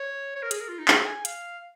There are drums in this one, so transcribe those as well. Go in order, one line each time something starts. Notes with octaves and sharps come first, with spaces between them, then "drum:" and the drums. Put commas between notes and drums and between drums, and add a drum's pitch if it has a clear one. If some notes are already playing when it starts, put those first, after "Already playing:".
Already playing: C#5
C#5
A#4
G#4, drum: hi-hat
A#4
F4
D#4
G#4, drum: clap
G#5
F5, drum: hi-hat